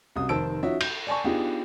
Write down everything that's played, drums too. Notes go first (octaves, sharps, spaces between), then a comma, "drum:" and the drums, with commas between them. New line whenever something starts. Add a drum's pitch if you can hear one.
C2 F#2 D#6
F1 D#3 C5 A5 E6 D7
F3 C#4 D#4 F#4 E5
G6, drum: cymbal
D5 G#5 A5 C#6
B3 D4 D#4 F4 G4 G#4